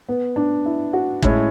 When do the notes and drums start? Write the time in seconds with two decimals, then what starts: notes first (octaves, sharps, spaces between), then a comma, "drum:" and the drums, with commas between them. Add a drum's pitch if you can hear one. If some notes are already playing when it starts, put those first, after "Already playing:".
0.08 B3
0.36 D4
0.66 E4
0.93 F#4
1.22 A2 G#3 C#4 E4, drum: kick